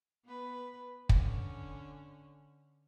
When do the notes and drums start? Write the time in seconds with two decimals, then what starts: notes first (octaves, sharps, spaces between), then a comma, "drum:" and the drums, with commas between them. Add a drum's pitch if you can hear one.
0.25 B3 B4
1.09 D3 C#4, drum: kick